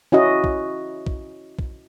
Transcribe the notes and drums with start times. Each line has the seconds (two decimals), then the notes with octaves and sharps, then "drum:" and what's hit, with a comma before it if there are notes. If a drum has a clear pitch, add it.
0.12 C#4 E4 F#4 D#5
0.44 drum: kick
1.07 drum: kick
1.59 drum: kick